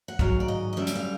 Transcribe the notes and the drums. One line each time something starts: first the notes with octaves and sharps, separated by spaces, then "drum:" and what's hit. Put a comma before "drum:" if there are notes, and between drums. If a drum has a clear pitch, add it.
F#5
G#2 D#3 F#3 F5, drum: kick
D5
D#5
D#5
F#2 D3 G3 E5
E5, drum: hi-hat
F5